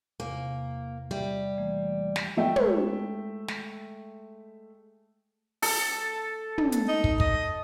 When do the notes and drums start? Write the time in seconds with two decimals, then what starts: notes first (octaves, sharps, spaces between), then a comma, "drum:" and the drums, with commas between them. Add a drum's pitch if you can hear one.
0.20 E2 C3 A#3
1.11 G3 E5
1.58 E3 A3 A#3
2.16 drum: snare
2.37 G#3 A3 E5 G5
2.56 drum: tom
3.48 drum: snare
5.62 A4, drum: open hi-hat
6.58 drum: tom
6.72 drum: hi-hat
6.88 D#4
7.04 drum: kick
7.20 D#5, drum: kick